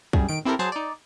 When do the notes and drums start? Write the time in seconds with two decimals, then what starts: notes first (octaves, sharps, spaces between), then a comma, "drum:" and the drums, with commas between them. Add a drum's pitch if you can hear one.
0.13 F#2 G3 G#4, drum: kick
0.29 D#3 D7
0.45 C4 E4 G4 A4 A#4
0.59 F#3 G#4 C5 A5
0.72 D#4 D5